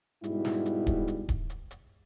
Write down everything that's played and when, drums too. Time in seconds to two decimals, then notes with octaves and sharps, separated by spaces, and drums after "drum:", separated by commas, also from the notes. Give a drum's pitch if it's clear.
0.24 G#2 B2 G3 E4, drum: hi-hat
0.45 drum: snare
0.66 drum: hi-hat
0.87 drum: kick D1, hi-hat
1.08 drum: hi-hat
1.29 drum: kick D1, hi-hat
1.50 drum: hi-hat
1.71 drum: hi-hat